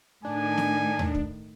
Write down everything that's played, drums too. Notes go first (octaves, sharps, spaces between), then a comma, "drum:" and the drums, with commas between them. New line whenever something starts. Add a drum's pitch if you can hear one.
A2 D#3 D4 G#5
drum: snare
drum: tom D#2
drum: kick